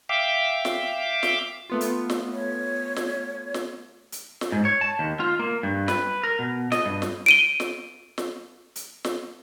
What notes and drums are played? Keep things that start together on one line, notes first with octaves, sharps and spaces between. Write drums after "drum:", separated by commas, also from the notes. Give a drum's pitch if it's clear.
E5 F5 G5 D6
drum: snare
drum: snare
A3 B3 F4
drum: hi-hat
drum: snare
C#5
drum: snare
drum: snare
drum: hi-hat
drum: snare
G#2
C#5
A5
D#2
F4
A#3
G2
B4, drum: snare
A#4
B2
D#5, drum: snare
G2
drum: snare
D7 D#7 G7
drum: snare
drum: snare
drum: hi-hat
drum: snare